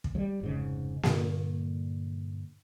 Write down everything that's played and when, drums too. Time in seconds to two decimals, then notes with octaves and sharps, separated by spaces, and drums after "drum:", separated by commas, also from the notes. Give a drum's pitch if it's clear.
0.04 drum: kick
0.15 F#3 G3
0.41 F1 G#2 C#3
1.03 G2 A#2 D3 A#3, drum: snare A#3